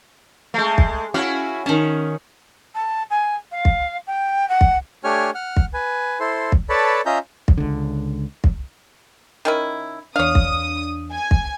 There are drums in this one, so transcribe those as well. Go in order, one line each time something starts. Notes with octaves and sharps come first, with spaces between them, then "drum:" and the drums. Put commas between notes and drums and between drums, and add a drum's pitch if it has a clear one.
G#3 A3
drum: kick
C#4 E4 F#4 C#5 F5
D#3 C#4 A5
A5
G#5
F5
drum: kick
G5
F#5
drum: kick
A3 D4 G4 C#5 G#5 F6
F#5 F6
drum: kick
B4 G#5
E4 A4 C5 C6
drum: kick
A4 B4 C#5 D5 A5 B5
C#4 F4 D#5 E5 A#5 G6
drum: kick
C#2 D3
drum: kick
D#3 C#4 E4
E2 D4 C#5 F5 D#6
drum: kick
G#5
drum: kick